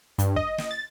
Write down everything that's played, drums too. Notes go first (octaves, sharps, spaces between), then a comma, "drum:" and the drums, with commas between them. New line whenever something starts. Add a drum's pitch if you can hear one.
G2, drum: hi-hat
D#5, drum: kick
drum: snare
A6